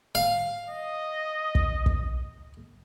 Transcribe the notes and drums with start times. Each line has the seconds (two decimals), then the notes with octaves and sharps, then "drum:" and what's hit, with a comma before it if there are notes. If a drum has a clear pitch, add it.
0.15 F5
0.69 D#5
1.55 drum: kick
1.86 drum: kick